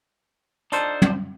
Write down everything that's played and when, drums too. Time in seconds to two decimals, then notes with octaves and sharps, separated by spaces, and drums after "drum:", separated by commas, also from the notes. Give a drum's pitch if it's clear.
0.72 D4 D#4 F4 A4 C5, drum: hi-hat
1.02 drum: tom